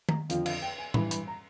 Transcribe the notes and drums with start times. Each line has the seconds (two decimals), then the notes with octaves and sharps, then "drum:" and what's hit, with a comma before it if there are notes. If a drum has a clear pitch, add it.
0.09 A#5, drum: tom D#3
0.30 F2 D3 F3 F5, drum: hi-hat
0.46 F5, drum: cymbal
0.62 G5
0.78 G#5
0.94 G2 E3 B5, drum: tom A2
1.11 B5, drum: hi-hat
1.27 A#5